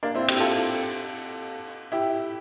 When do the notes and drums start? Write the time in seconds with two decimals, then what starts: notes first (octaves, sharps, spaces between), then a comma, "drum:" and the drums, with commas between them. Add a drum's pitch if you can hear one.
0.03 A#3 D4
0.15 C4 E4
0.28 E4 G4, drum: cymbal
0.40 F4 A4
1.92 E4 G4